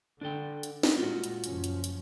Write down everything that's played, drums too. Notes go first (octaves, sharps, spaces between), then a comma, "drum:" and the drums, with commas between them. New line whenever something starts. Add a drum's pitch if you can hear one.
D3 D4 A4 G5
drum: hi-hat
drum: snare D#4
A#2 G3 G#3 F4 F#4
drum: hi-hat
F#1 F3 C#4, drum: hi-hat
drum: hi-hat
drum: hi-hat